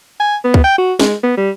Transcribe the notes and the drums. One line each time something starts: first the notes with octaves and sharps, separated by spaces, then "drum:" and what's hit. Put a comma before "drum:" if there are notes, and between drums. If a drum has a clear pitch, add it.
G#5
B3
drum: kick
G5
F#4
G#3, drum: snare
B3
G3